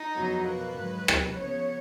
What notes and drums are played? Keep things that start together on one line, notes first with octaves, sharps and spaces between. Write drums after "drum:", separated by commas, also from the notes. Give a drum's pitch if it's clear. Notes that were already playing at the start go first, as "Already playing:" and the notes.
Already playing: D#4
F2 C#3 F#3 B3
B2 A#3 B4
G#2 D#3 F#3
B2 F#3 A#3, drum: rim click
C#3 F3 B3 C#5